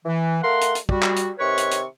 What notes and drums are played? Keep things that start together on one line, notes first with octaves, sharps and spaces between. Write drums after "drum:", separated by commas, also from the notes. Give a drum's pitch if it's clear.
E3
A3 A#4 F5 F#5 C6
drum: hi-hat
drum: hi-hat
G3 F#4, drum: kick
drum: clap
drum: hi-hat
C3 D#3 B4 C#5 C#6
drum: hi-hat
drum: hi-hat